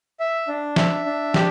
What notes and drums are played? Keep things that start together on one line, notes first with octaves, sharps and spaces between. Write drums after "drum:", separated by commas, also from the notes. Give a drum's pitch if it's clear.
E5
D4
E5, drum: snare
D4
G4, drum: snare